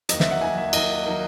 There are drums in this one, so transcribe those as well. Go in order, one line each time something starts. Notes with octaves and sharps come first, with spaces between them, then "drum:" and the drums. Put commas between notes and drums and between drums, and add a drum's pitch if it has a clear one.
D#2 D#3 F#3 D#5, drum: hi-hat
E5, drum: snare
F#5
D#2 D#3 F#3 G#5
E5
D#2 D#3 F#3 D#5, drum: cymbal
D#3 F#3